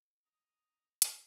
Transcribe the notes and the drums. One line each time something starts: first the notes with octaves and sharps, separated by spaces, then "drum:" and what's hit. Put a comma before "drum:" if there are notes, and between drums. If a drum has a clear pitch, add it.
A#5 D#6
drum: hi-hat